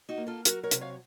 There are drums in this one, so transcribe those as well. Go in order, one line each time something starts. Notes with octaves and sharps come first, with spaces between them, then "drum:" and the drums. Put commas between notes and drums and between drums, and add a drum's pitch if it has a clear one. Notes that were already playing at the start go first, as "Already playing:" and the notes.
D#4 F#4
A#3
F4 A4
F#3 F#4 A#4, drum: hi-hat
A#4 C#5
C3, drum: hi-hat
C#5 F5